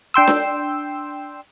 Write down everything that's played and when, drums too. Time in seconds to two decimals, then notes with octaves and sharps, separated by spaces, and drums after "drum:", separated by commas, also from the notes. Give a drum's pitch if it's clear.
0.14 D4 G5 C6 E6
0.27 drum: snare D4